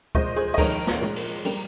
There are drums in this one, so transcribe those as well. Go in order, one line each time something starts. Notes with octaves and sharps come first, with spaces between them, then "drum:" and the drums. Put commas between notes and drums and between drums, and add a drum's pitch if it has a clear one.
A#2 G#3 C5 D#5, drum: kick D2
G#4 C5
D#5
F2 D#3 G#3 A#4 C#5, drum: kick D2, cymbal
drum: snare
A#2 G#3
drum: cymbal
G3 A#3, drum: cymbal